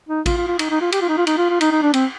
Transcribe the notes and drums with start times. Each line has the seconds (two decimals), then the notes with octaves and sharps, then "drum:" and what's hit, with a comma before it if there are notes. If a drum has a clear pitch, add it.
0.09 D#4
0.26 F4, drum: kick A1, cymbal
0.37 F4
0.48 F4
0.59 D#4, drum: cymbal
0.70 D#4
0.81 F4
0.92 G4, drum: cymbal
1.02 F4
1.09 D#4
1.17 F4
1.27 D#4, drum: cymbal
1.38 F4
1.50 F4
1.61 D#4, drum: cymbal
1.72 D#4
1.82 D4
1.94 C4, drum: cymbal